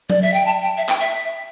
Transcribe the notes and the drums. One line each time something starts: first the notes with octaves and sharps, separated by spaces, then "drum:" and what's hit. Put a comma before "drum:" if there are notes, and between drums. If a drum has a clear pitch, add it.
D5, drum: tom F#3
E5
G5
A5
G5
E5
G5, drum: clap
E5